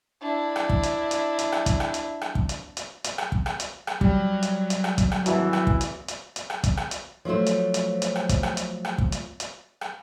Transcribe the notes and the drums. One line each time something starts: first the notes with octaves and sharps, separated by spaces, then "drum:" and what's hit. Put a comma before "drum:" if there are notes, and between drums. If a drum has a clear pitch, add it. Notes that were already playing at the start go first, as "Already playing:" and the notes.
D4 E4
drum: rim click
drum: kick
drum: hi-hat
drum: hi-hat
drum: hi-hat
drum: rim click
drum: kick, hi-hat
drum: rim click
drum: hi-hat
drum: rim click
drum: kick
drum: hi-hat
drum: hi-hat
drum: hi-hat
drum: rim click
drum: kick
drum: rim click
drum: hi-hat
drum: rim click
F#3 G3, drum: kick
drum: hi-hat
drum: hi-hat
drum: rim click
drum: kick, hi-hat
drum: rim click
G#1 E3 F#4 A5, drum: hi-hat
drum: rim click
drum: kick
drum: hi-hat
drum: hi-hat
drum: hi-hat
drum: rim click
drum: kick, hi-hat
drum: rim click
drum: hi-hat
F3 F#3 A3 C5
drum: hi-hat
drum: hi-hat
drum: hi-hat
drum: rim click
drum: kick, hi-hat
drum: rim click
drum: hi-hat
drum: rim click
drum: kick
drum: hi-hat
drum: hi-hat
drum: rim click